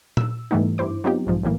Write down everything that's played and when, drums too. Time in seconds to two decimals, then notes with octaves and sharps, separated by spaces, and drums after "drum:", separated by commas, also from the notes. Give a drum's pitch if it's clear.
0.17 E6, drum: tom A#2
0.51 G#2 E3 G3 A3 B3 D#4
0.78 G2 E4 C5 D6
1.04 F#3 B3 C4 D#4 F4 G4
1.27 B1 G#2 F3
1.43 B1 A2 E3 A#3